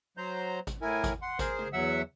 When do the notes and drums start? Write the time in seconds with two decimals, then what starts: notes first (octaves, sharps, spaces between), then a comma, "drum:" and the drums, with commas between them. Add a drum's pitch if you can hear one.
0.17 F#3 C5 A#5 G6
0.67 drum: kick G#1, hi-hat
0.82 A2 E4 A#4 G#5
1.04 drum: kick G#1, hi-hat
1.22 F#5 C6
1.39 G#4 A#4 C5, drum: kick G#1, hi-hat
1.59 drum: tom C#3
1.73 E2 F#3 E5 F#5 E6